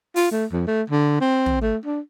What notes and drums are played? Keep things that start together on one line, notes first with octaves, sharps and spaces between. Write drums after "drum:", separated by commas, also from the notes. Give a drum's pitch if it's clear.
F4, drum: open hi-hat
A3
F2
A3
D3
C4
drum: tom
A3
D4